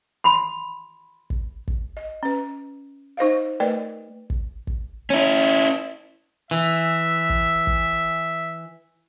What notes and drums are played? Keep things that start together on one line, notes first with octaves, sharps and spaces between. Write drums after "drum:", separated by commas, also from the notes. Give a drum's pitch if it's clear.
B5 C6
drum: kick
drum: kick
D#5
C#4 B4
D#4 C5 D#5 F5
A3 A#4 B4 D5 D#5 G5
drum: kick
drum: kick
C#4 E4
E3 E5
drum: kick
drum: kick